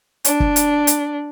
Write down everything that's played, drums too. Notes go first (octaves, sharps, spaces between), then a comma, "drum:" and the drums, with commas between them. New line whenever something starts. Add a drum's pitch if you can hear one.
D4, drum: hi-hat
drum: kick
drum: hi-hat
drum: hi-hat